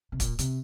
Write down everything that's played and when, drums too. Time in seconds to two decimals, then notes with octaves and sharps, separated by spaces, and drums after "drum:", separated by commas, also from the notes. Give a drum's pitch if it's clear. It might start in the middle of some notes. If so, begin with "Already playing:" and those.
0.12 C3
0.20 A#2, drum: kick, hi-hat
0.39 C3, drum: hi-hat